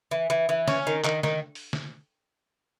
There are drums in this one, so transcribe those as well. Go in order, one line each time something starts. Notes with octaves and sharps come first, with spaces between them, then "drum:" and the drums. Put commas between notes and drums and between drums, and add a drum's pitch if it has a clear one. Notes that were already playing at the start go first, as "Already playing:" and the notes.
E3
E3
E3
C#4, drum: snare
D#3
D#3, drum: clap
D#3, drum: snare
drum: open hi-hat
drum: snare